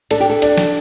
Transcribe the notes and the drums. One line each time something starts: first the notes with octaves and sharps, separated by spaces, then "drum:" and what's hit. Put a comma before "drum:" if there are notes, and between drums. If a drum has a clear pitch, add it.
D4 A4, drum: cymbal
G4
A4
D4, drum: cymbal
drum: snare